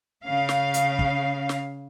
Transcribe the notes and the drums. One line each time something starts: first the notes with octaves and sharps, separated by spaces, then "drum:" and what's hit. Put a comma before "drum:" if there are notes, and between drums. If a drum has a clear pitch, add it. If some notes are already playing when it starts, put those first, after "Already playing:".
C#3 F5
drum: snare
drum: hi-hat
drum: kick
drum: snare